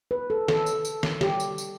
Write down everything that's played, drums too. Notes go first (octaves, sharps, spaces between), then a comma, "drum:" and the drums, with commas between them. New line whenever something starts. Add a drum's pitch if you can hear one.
B4
A4
A4, drum: snare
drum: tambourine
drum: tambourine
drum: snare
G4, drum: snare
drum: tambourine
drum: tambourine